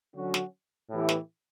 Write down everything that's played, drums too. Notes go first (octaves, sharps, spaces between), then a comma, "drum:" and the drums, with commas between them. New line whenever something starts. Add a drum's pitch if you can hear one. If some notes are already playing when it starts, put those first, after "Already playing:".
D3 F#3 C#4 F#4
drum: snare
A2 E3 B3 E4 G4
drum: snare